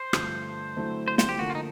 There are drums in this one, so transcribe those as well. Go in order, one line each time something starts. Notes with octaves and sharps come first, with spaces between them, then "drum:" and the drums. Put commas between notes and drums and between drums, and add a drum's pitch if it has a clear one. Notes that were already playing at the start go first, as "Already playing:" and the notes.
Already playing: C5
G2 D3 F3 A3, drum: rim click
D3 F#3 A3 C4 E4
C5
C5, drum: snare
G4
D3 F3 A#3 F#4
F4
D#4